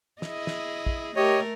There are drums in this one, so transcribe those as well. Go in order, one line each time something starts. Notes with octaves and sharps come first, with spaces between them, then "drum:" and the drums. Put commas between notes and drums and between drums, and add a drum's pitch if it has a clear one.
E4 G#4 D#5, drum: snare
drum: snare
drum: kick
A3 G4 A#4 C#5 D#5